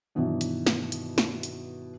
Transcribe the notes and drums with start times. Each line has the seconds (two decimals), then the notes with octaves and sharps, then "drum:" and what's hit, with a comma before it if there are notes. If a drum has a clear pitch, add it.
0.15 G2 B2 D#3 E3 F#3
0.41 drum: hi-hat
0.67 drum: snare
0.92 drum: hi-hat
1.18 drum: snare
1.43 drum: hi-hat